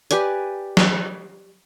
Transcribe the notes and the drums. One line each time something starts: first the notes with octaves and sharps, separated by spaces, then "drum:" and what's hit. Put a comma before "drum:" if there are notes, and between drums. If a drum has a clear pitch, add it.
G4 B4 D5 G#5, drum: hi-hat
drum: snare